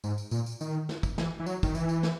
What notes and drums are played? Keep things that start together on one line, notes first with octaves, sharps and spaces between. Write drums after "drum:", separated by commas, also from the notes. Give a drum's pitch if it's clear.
G#2, drum: tambourine
drum: tambourine
A#2, drum: tambourine
drum: tambourine
D#3, drum: tambourine
drum: snare
drum: kick, tambourine
E3, drum: snare
E3
F#3, drum: tambourine
D#3, drum: kick, tambourine
E3, drum: tambourine
drum: tambourine
drum: snare